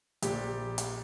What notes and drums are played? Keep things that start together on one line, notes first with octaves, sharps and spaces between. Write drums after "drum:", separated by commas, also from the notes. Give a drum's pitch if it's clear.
A#1 G4, drum: hi-hat
drum: hi-hat